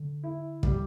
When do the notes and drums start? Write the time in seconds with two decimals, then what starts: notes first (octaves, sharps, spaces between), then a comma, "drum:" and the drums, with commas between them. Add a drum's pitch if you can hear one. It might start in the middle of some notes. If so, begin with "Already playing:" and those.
Already playing: D3
0.23 E4
0.63 G3, drum: kick